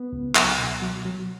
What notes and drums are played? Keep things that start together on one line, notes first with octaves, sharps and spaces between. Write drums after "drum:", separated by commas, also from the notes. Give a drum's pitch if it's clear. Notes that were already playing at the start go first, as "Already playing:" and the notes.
Already playing: B3
C#2
F#3, drum: clap
B2
F#3
F#3